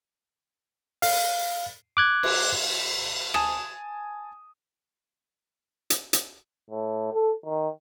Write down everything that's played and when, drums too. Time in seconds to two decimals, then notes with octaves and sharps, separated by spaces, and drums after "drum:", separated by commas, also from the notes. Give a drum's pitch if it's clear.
1.02 F5, drum: open hi-hat
1.97 D6 F#6 G#6
2.23 drum: cymbal
3.34 G#5 A5 D#6 E7, drum: rim click
5.90 drum: hi-hat
6.13 drum: hi-hat
6.70 A2
7.12 A4
7.45 D#3